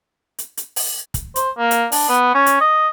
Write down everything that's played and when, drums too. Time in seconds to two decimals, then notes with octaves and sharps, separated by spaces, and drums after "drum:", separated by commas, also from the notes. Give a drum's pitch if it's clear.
0.38 drum: hi-hat
0.57 drum: hi-hat
0.76 drum: open hi-hat
1.14 drum: kick, hi-hat
1.36 C5, drum: hi-hat
1.58 A#3
1.71 drum: hi-hat
1.92 D4, drum: open hi-hat
2.09 B3
2.34 C#4
2.46 drum: hi-hat
2.61 D#5